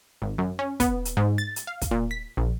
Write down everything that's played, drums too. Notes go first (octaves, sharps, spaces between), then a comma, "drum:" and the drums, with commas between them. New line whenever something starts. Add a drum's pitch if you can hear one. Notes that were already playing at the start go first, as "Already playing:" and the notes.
G#1
F#2
C#4
B3, drum: kick, hi-hat
drum: hi-hat
G#2
A6
drum: hi-hat
F5
drum: kick, hi-hat
A#2
B6
A#1